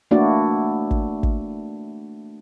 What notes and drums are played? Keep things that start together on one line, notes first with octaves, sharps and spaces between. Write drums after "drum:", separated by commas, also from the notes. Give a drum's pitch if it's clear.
A3 A#3 D4 E4 F#4 D5
drum: kick
drum: kick